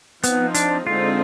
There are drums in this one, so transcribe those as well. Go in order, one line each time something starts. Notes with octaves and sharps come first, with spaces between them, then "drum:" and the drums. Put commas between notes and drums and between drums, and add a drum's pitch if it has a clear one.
F3 B3 C4 D#4, drum: hi-hat
D4, drum: hi-hat
D3 G#3 C4 D#4 F4